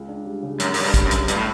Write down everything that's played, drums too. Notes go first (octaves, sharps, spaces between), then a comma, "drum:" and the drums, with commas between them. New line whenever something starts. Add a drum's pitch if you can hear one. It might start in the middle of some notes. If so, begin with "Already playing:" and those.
Already playing: C#2
D4
G3
C#3
C#2 F#2, drum: hi-hat
F#2 D4, drum: open hi-hat
G2
G3, drum: kick, hi-hat
F#2
C#3, drum: hi-hat
G1 G2, drum: hi-hat
A2